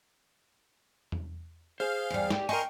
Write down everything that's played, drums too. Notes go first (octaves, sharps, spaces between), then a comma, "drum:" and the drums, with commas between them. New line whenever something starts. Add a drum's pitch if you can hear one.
drum: tom E2
G#4 C5 F5
E2 G3
G4, drum: snare
A#4 D#5 G5 G#5 C6 C#6